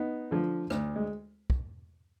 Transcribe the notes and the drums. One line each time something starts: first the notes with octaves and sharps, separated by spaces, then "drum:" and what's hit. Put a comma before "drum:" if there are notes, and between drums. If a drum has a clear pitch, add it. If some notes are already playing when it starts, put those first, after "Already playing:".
Already playing: B3 D#4
D3 F3
D2, drum: rim click
G#3
drum: kick